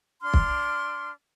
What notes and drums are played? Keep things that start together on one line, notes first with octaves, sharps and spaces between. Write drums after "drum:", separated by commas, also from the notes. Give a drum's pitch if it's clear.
D4 C6 F6
drum: kick